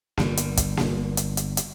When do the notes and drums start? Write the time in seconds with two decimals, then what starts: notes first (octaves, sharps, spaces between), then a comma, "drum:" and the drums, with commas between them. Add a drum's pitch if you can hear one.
0.17 G1 G3, drum: snare A#3
0.37 drum: hi-hat
0.57 drum: kick, hi-hat
0.77 drum: snare A#3
1.17 drum: hi-hat
1.37 drum: hi-hat
1.57 drum: hi-hat